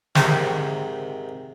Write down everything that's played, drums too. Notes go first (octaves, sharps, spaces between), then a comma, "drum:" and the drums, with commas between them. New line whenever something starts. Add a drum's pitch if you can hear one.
G#2 C3 D#3, drum: snare